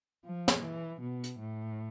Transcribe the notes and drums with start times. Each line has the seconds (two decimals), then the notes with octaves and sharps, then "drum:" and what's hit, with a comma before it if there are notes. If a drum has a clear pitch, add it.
0.24 F3
0.48 drum: snare
0.63 E3
1.01 B2
1.24 drum: hi-hat
1.39 A2